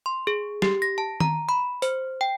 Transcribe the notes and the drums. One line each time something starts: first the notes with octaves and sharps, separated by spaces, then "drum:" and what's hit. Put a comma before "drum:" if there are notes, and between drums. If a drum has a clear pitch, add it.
C6
G#4
G4, drum: snare
A#6
A5
A#5, drum: tom D#3
B5
C5, drum: hi-hat
G5